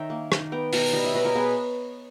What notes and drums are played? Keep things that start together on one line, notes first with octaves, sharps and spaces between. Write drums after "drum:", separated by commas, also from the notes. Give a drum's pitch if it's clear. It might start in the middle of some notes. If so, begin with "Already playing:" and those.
Already playing: D#3 C#5 E5 G5 A#5
A#3
D#3, drum: rim click
B3 G5 A#5
B2 G5 A#5, drum: open hi-hat
G3 D#5 G5
C#5 E5
B2 B4 D#5
A#4 C#5
B3 G#4 B4